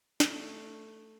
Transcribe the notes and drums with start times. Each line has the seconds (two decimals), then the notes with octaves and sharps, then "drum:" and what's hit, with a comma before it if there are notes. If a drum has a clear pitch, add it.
0.20 A3, drum: snare